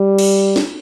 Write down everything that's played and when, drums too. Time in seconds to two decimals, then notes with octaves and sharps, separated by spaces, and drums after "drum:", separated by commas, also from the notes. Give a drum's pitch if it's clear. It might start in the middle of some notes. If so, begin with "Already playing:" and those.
Already playing: G3
0.19 drum: cymbal
0.56 drum: snare